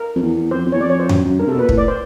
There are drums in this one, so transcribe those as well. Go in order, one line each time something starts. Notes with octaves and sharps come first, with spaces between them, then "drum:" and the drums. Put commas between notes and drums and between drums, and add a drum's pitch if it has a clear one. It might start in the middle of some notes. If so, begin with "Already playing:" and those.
Already playing: A#4
F2
E2
F2 C5
F2
E2 C#5
F2 D5
C#5
C5
F#2, drum: tom F2
F#2
G2 A#4
C3 A4
B2
A#2 B4
A2, drum: kick
D5
C5